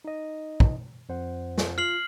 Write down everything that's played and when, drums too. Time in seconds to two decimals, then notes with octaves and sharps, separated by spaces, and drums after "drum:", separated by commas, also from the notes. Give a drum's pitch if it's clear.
0.04 D#4 D#5
0.60 drum: kick
1.09 F2 C5 F#5
1.58 drum: snare
1.78 F4 F6 C7 F#7